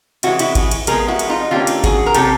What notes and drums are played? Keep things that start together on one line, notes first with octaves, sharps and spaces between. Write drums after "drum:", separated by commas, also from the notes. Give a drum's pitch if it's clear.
E3 G#3 C#4 E4 F#4, drum: cymbal
E4 F#4, drum: cymbal
F#4 G#4, drum: kick A1, cymbal
drum: cymbal
F3 G#3 B3 G#4 A#4, drum: cymbal
E4 F#4
drum: cymbal
D#4 F4
D3 F#3 A#3 C#4 F4 G4
drum: cymbal
F#4 G#4, drum: kick A1, cymbal
A#4
C3 F3 A#3 C#4 G4 A4, drum: cymbal